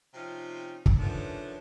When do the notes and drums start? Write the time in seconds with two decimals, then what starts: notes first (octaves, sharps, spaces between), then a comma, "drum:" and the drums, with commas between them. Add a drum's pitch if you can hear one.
0.14 C3 F3 C4 C#4 D#4 F4
0.86 drum: kick
0.99 D#3 F3 A3 B3 C#4 D4